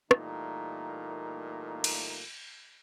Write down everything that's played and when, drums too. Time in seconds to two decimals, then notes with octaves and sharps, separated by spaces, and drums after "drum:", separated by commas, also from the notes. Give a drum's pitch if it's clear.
0.11 A#2 E3 G3 A3 A#3 D#4, drum: rim click
1.84 drum: cymbal